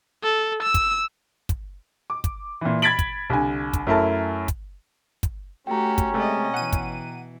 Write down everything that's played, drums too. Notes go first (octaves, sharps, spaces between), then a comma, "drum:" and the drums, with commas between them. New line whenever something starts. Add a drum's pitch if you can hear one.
A4
E6
drum: kick, hi-hat
drum: kick, hi-hat
D6
drum: kick, hi-hat
A#2 E3
B5 G#6 A6 B6 D7 F#7
drum: kick, hi-hat
C2 D3 G#5
drum: kick, hi-hat
F#2 A3 E4 A#4 A5
drum: kick, hi-hat
drum: kick, hi-hat
A3 C#4 F#4 G4 G5 A#5
drum: kick, hi-hat
C3 G#3 A3 D5 D#5
B2 E3 F#5 D#7
drum: kick, hi-hat